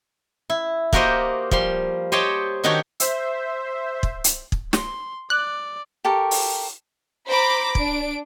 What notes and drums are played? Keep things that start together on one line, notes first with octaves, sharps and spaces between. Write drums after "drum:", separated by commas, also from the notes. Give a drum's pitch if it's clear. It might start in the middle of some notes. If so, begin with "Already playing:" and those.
E4
A#3 F#4 G4 A#4 C5 D#5, drum: kick
F3 G3 C6, drum: kick
G4 C5 C#5 D#5 G5 A5
D#3 D4 D#4 F#4 G4 C#5
C5 E5, drum: hi-hat
drum: kick
drum: hi-hat
drum: kick
C6, drum: snare
D5 F#6
G4 A4 A#4 C#6
drum: open hi-hat
C5 A#5 B5 D6 D7
D4 D7, drum: kick